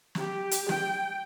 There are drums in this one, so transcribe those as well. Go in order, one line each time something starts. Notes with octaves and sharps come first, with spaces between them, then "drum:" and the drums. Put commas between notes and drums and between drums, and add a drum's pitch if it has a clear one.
G4, drum: snare
drum: hi-hat
G5, drum: snare